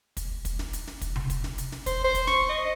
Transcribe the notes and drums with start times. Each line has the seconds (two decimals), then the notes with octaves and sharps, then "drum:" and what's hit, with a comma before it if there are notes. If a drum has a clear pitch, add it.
0.17 drum: kick, hi-hat
0.45 drum: kick, hi-hat
0.59 drum: snare
0.73 drum: hi-hat
0.87 drum: snare
1.01 drum: kick, hi-hat
1.16 drum: tom C3
1.30 drum: kick, hi-hat
1.44 drum: snare
1.58 drum: hi-hat
1.72 drum: snare
1.86 C5, drum: kick, hi-hat
2.04 C5
2.15 drum: kick, hi-hat
2.27 C#6, drum: snare
2.49 D#5